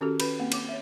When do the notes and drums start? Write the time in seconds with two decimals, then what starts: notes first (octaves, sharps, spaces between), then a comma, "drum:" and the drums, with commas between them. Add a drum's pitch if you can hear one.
0.01 D#3 C#4 F#4 G4 A4
0.20 C#4 B4 B5, drum: cymbal
0.39 A#3 C4
0.52 C#5 D6, drum: cymbal
0.69 C#5 E5